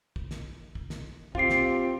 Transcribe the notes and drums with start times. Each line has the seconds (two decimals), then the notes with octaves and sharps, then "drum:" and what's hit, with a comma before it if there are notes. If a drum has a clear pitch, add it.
0.16 drum: kick
0.31 drum: snare
0.75 drum: kick
0.90 drum: snare
1.35 C4 F4 G4 F5 C7, drum: kick
1.50 drum: snare